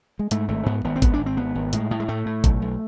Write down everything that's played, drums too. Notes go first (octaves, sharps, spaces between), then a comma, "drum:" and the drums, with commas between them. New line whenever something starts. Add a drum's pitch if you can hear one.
G#3
G#2 A3, drum: hi-hat
G#1 A3
G#2 B3
G#1 B3
C4
G#1 B3, drum: kick, hi-hat
D4
G#1
C4
G#1 B3
G#1
A2 G#3, drum: hi-hat
A2
G#3
A2 A3
A2
B1, drum: kick, hi-hat
B1